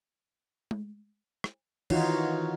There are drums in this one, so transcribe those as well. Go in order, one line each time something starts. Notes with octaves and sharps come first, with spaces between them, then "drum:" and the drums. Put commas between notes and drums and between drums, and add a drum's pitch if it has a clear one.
drum: tom G#3
drum: rim click
D#3 E3 D#4 F4 F#4 C#5, drum: cymbal